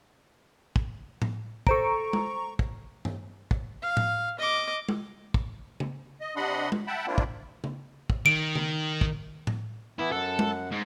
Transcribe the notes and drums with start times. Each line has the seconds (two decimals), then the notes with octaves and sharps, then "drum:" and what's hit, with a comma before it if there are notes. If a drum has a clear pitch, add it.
0.76 drum: kick
1.22 drum: tom A2
1.67 A4 C5 A#5 C#6 D7, drum: kick
2.13 drum: tom G#3
2.59 drum: kick
3.05 drum: tom G2
3.51 drum: kick
3.82 F5
3.97 drum: tom A2
4.39 D#5 D6
4.89 drum: tom G#3
5.34 drum: kick
5.80 drum: tom
6.20 D#5
6.36 C3 D4 D#5 F#5 B5 C6
6.72 drum: tom G#3
6.87 E5 F#5 G5 A5 B5
7.07 A#3 C4 D4 E4 F4
7.18 drum: kick
7.64 drum: tom
8.10 drum: kick
8.26 D#3 D7
8.55 drum: tom
9.01 drum: kick
9.47 drum: tom A2
9.99 E3 B3 E4
10.12 F#2 A4 F#5
10.39 drum: tom G#3
10.71 G#2